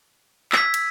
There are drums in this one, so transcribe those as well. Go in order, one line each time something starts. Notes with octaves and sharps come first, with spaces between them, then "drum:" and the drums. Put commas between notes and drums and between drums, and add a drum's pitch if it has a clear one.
E6 G#6 B6, drum: clap
drum: cymbal